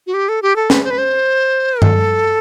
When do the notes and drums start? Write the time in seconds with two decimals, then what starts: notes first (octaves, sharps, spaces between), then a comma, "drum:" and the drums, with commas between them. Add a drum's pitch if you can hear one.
0.07 F#4
0.14 G4
0.29 A4
0.42 G4
0.56 A4
0.70 B4, drum: snare
0.84 C5
0.91 B4
0.98 C5
1.82 A4, drum: tom G2